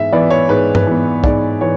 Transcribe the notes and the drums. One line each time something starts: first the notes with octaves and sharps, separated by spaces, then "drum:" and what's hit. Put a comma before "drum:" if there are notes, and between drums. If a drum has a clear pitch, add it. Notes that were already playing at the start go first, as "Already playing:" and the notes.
Already playing: G#2 E3 B3 E5
E3 B3 D5
C#5
G#2 B4
B4, drum: tom G2
E3 B3
G#2 D5, drum: kick
E3 C#5